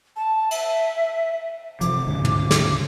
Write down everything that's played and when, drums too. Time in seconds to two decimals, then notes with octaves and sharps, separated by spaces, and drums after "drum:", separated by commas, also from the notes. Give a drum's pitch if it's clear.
0.17 A5
0.51 E5, drum: cymbal
1.81 C3 D#3 F3 D6, drum: hi-hat
2.07 D2 G#2 C#3
2.25 drum: tom
2.51 drum: snare